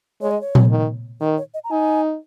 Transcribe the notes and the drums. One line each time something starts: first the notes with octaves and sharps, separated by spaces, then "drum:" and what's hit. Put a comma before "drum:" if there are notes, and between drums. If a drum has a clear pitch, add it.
G#3 C#5
D#5
C#5
drum: tom A#2
D#3
D#3 A#4
C#5
D#5
A#5
D#4 G#5